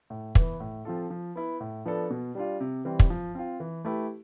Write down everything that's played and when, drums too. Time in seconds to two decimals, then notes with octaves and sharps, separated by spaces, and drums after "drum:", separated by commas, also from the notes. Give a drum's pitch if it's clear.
0.10 A2
0.35 E3 B3, drum: kick
0.60 A2
0.85 F3 C4 F4 A4
1.10 F3
1.36 B3 E4
1.60 A2
1.86 F3 B3 D4 A4
2.10 B2
2.35 G3 D4 F4
2.60 C3
2.85 E3 G3 C4
3.00 drum: kick
3.10 F3
3.35 C4 F4
3.60 E3
3.85 A3 E4 G4 B4